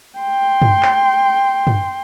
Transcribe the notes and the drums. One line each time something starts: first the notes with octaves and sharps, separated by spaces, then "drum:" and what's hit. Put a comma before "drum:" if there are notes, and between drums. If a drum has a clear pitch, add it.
G5 C6
drum: tom
drum: clap
drum: tom